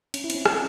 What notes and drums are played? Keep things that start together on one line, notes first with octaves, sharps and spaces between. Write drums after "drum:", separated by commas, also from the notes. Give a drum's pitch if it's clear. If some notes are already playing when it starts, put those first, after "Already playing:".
C#4, drum: cymbal
E4
C4, drum: cymbal
C#4
C4, drum: rim click